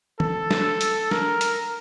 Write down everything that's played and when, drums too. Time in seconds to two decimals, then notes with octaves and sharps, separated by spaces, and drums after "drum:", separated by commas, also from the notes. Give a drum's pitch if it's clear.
0.20 A4, drum: tom
0.51 drum: snare
0.81 drum: hi-hat
1.11 A#4, drum: snare
1.41 drum: hi-hat